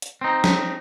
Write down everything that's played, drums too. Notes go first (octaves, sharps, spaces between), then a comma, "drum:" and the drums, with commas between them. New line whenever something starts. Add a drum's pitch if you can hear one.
drum: hi-hat
C4 D#4
drum: snare